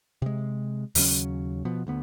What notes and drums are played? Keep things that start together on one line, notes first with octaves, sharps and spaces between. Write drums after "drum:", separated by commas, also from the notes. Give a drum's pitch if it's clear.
C3 G#3
D#2 C#3 F#3 C#4, drum: open hi-hat
B2 F3 B3
D2 D3 B3